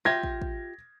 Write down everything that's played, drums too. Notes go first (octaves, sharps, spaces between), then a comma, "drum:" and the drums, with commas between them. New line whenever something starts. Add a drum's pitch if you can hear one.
F4 G4 E5 G#6 A#6
drum: kick
drum: kick